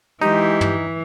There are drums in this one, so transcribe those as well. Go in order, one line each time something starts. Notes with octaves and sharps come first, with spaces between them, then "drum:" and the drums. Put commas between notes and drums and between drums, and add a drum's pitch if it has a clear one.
E3 G#3 D#4 G4
drum: tom